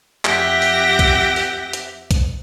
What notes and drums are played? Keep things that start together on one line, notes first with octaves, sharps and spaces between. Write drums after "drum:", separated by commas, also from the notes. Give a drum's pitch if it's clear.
F2 G4 E5 F#5 G5 A#6, drum: clap
drum: open hi-hat
drum: kick B1, hi-hat
drum: open hi-hat
drum: hi-hat
drum: kick B1, hi-hat